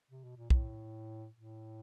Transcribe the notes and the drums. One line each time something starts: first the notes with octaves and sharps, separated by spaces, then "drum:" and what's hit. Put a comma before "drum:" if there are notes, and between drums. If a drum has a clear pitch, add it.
C3
B2
A#2
A2, drum: kick
A2